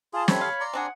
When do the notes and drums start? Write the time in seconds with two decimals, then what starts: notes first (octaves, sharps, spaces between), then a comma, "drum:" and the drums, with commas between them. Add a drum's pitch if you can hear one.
0.13 F4 G#4 A5 C6 D#6
0.28 D3 C4 G4 A4 C#5 E5 B5 C6, drum: snare
0.41 F5
0.60 D5 A#5 C6
0.73 C4 D4 G#4 F#5